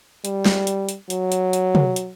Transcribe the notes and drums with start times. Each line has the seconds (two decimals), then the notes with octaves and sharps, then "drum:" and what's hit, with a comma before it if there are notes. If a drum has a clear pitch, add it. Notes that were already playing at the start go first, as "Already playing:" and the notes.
0.25 G3, drum: hi-hat
0.45 drum: snare
0.67 drum: hi-hat
0.89 drum: hi-hat
1.10 F#3, drum: hi-hat
1.32 drum: hi-hat
1.53 drum: hi-hat
1.75 drum: tom
1.96 drum: hi-hat